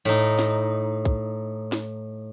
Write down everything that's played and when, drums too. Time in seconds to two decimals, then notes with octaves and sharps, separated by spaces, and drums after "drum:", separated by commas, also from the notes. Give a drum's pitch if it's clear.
0.05 A2 D#4
0.39 drum: snare
1.05 drum: kick B1
1.72 drum: snare